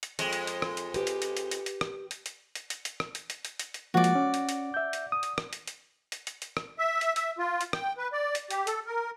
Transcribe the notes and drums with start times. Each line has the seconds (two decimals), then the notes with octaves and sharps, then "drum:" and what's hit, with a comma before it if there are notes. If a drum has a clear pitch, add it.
0.03 drum: hi-hat
0.19 F2 G#3, drum: hi-hat
0.33 drum: hi-hat
0.47 drum: hi-hat
0.62 drum: rim click
0.77 drum: hi-hat
0.94 G4 B4, drum: hi-hat
1.07 drum: hi-hat
1.22 drum: hi-hat
1.37 drum: hi-hat
1.51 drum: hi-hat
1.66 drum: hi-hat
1.81 drum: rim click
2.11 drum: hi-hat
2.26 drum: hi-hat
2.55 drum: hi-hat
2.70 drum: hi-hat
2.85 drum: hi-hat
3.00 drum: rim click
3.15 drum: hi-hat
3.30 drum: hi-hat
3.45 drum: hi-hat
3.59 drum: hi-hat
3.74 drum: hi-hat
3.94 F3 G#3 A#3 F#4 D5
4.04 drum: hi-hat
4.15 C#4
4.34 drum: hi-hat
4.49 drum: hi-hat
4.74 E5 G6
4.93 drum: hi-hat
5.12 D#6
5.23 drum: hi-hat
5.38 drum: rim click
5.53 drum: hi-hat
5.67 drum: hi-hat
6.12 drum: hi-hat
6.27 drum: hi-hat
6.42 drum: hi-hat
6.57 drum: rim click
6.79 E5
7.01 drum: hi-hat
7.16 E5, drum: hi-hat
7.38 F4
7.61 drum: hi-hat
7.73 G5, drum: rim click
7.98 B4
8.13 D5
8.35 drum: hi-hat
8.51 G4, drum: hi-hat
8.67 A4, drum: hi-hat
8.86 A#4